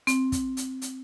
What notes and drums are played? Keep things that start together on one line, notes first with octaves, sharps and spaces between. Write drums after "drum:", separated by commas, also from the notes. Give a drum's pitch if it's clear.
C4, drum: hi-hat
drum: kick, hi-hat
drum: hi-hat
drum: hi-hat